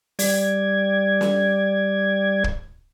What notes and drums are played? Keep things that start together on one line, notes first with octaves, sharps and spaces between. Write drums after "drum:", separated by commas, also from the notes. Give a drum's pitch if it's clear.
G3 D5 G#6, drum: open hi-hat
drum: snare
drum: kick